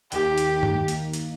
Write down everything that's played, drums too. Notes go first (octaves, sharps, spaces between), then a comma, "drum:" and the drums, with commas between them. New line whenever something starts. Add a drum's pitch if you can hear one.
D#2 D#3 A#3 D#4 G4, drum: hi-hat
drum: hi-hat
drum: tom G2
drum: hi-hat
drum: hi-hat